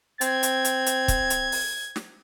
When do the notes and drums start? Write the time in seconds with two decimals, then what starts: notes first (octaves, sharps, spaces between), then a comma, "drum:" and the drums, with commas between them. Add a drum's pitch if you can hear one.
0.21 C4 G#6, drum: hi-hat
0.43 drum: hi-hat
0.65 drum: hi-hat
0.86 drum: hi-hat
1.08 drum: kick, hi-hat
1.30 drum: hi-hat
1.52 drum: open hi-hat
1.96 drum: snare